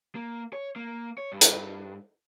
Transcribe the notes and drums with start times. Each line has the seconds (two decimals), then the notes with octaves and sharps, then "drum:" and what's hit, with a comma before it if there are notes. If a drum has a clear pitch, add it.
0.15 A#3
0.53 C#5
0.76 A#3
1.18 C#5
1.32 G2
1.41 drum: hi-hat